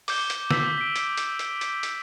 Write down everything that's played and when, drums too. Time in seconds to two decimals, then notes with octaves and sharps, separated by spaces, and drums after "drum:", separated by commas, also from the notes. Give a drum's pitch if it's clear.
0.08 D6 G6 G7, drum: open hi-hat
0.30 drum: hi-hat
0.51 E6 B6, drum: snare
0.78 B6 D7
0.96 drum: hi-hat
1.17 drum: hi-hat
1.39 drum: hi-hat
1.61 drum: hi-hat
1.83 drum: hi-hat